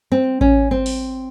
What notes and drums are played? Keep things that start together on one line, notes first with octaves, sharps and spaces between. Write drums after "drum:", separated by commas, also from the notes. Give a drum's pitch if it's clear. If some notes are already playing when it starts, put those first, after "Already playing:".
C4
C#4, drum: kick A1
C4
drum: open hi-hat